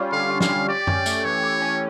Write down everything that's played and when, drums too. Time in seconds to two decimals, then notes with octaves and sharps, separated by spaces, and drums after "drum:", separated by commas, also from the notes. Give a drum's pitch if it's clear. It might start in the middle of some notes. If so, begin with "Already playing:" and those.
Already playing: G3 C#4 F4
0.12 D3 F5
0.30 F4
0.40 F5, drum: snare
0.50 C#4
0.68 G4 D5
0.87 C#4, drum: tom F#2
1.06 A3, drum: tambourine
1.25 E3 C#5
1.43 G4
1.62 C#4